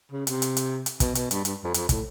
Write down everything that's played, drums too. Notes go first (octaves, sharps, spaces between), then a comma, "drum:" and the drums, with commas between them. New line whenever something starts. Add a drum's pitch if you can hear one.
C#3
C3, drum: hi-hat
drum: hi-hat
drum: hi-hat
drum: hi-hat
B2, drum: kick, hi-hat
B2, drum: hi-hat
G2, drum: hi-hat
G2, drum: hi-hat
F2
F2, drum: hi-hat
A2, drum: kick, hi-hat